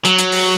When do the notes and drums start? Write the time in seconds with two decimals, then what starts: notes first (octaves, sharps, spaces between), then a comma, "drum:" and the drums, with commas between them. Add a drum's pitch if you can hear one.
0.05 F#3, drum: hi-hat
0.18 drum: hi-hat
0.32 drum: open hi-hat